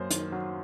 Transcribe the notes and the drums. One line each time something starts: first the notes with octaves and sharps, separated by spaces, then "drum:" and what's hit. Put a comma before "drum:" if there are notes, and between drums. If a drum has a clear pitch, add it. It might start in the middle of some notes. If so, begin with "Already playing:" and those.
Already playing: F#2 A#3 C5
D#3, drum: hi-hat
F#3